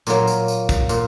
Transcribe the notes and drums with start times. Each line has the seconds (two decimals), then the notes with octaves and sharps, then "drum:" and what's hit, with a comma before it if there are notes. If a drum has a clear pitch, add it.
0.07 A#2 F#3 A#3, drum: tambourine
0.27 drum: tambourine
0.48 drum: tambourine
0.69 drum: kick, tambourine
0.89 A#2, drum: tambourine